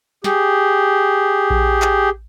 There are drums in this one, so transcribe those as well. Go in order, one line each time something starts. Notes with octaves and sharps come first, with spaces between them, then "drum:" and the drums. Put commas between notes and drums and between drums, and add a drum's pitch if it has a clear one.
G4 G#4, drum: snare
drum: kick A#1
drum: clap